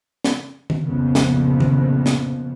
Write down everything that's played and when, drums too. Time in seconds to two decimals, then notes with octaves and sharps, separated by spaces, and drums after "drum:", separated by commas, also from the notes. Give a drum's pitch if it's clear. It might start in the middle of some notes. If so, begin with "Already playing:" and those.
0.24 drum: snare
0.70 drum: tom D#3
0.85 A#1 F2 A2 C#3 F3 B3
1.15 drum: snare
1.60 drum: tom D#3
2.06 drum: snare